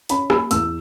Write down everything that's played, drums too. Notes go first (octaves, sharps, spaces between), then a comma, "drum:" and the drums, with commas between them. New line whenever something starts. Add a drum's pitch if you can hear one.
C#4 B5, drum: hi-hat
A#3 B5, drum: rim click
E2 E6, drum: hi-hat